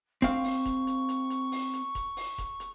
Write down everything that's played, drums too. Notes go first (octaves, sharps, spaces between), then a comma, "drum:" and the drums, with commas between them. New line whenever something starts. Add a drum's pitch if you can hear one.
C4 F5 C#6, drum: kick E1, hi-hat
drum: open hi-hat
drum: kick E1, hi-hat
drum: hi-hat
drum: hi-hat
drum: hi-hat
drum: open hi-hat
drum: hi-hat
drum: kick E1, hi-hat
drum: open hi-hat
drum: kick E1, hi-hat
drum: hi-hat